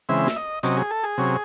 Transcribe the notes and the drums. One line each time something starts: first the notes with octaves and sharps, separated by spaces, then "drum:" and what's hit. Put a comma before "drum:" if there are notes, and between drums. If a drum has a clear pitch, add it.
C#3 E3 G#3 C4 E5
drum: snare
D#5
C3 F#3 C#4 D#5, drum: hi-hat
G#4
A4
G#4
C3 F#3 C#4